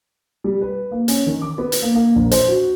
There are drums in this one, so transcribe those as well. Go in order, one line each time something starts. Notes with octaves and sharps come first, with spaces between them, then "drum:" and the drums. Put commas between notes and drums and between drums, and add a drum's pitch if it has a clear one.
G3
B4
A#3
C#4, drum: hi-hat
D#3
D6
B3
drum: hi-hat
A#3
A#3
A#1
C5, drum: hi-hat
F#4